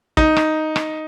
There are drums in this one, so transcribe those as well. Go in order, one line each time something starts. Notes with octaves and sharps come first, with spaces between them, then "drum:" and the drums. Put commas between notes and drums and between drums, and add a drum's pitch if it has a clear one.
D#4, drum: kick
drum: rim click
drum: rim click